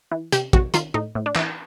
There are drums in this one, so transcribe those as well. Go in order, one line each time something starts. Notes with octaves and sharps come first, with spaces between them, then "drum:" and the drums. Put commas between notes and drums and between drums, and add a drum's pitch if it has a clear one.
E3
C3 G4, drum: hi-hat
C3 F#4, drum: kick
D#3 F4, drum: hi-hat
A2 D#4
A2
D4
E3, drum: clap